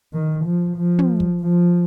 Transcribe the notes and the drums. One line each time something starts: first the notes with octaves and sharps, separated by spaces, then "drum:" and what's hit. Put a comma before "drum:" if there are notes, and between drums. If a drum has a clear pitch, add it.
D#3
F3
F3
drum: tom
drum: kick
F3